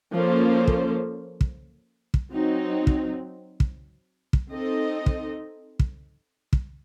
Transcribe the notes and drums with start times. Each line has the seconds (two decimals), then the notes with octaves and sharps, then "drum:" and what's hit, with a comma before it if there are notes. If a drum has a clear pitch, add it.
0.13 F3 A#3 C#4 A4 C5
0.67 drum: kick
1.41 drum: kick
2.14 drum: kick
2.32 F#3 C4 D#4
2.87 drum: kick
3.60 drum: kick
4.33 drum: kick
4.51 C4 D#4 A4 D#5
5.06 drum: kick
5.79 drum: kick
6.53 drum: kick